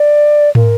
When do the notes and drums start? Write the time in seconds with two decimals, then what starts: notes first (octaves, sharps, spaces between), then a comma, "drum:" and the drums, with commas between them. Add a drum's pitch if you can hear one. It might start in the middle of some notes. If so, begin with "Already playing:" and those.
Already playing: D5
0.55 A#4, drum: tom